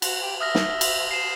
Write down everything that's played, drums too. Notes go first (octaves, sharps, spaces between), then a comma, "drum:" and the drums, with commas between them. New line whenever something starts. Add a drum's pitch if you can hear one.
F#4, drum: cymbal
G4
E5 D#6 F6 A#6
drum: snare
drum: cymbal
C7 E7